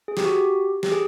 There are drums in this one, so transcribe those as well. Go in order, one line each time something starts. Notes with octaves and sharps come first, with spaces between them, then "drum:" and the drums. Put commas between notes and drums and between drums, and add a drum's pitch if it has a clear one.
G#4
G4, drum: snare
F#4
G4
G4, drum: snare
G#4